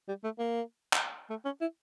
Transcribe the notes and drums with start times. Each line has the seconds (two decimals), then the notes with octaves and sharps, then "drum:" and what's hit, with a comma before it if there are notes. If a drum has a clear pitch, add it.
0.08 G3
0.24 A3
0.38 A#3
0.93 drum: clap
1.30 A3
1.45 C#4
1.61 E4